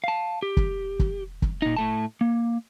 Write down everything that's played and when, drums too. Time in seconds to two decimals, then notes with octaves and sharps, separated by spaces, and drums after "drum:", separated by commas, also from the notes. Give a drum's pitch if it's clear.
0.04 F5 A5
0.42 G4
0.57 drum: kick
0.99 drum: kick
1.42 drum: kick
1.62 A#2 D#4
1.77 A2 A3 A5
2.21 A#3